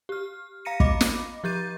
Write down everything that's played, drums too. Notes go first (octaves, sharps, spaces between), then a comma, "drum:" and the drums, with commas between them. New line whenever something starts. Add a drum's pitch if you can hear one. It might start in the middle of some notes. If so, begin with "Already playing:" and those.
G4 F6
F5 A#5 A#6 C#7 D#7
D#5 B5 D6 A#6, drum: kick
drum: snare
F3 G4 G6 A6 D#7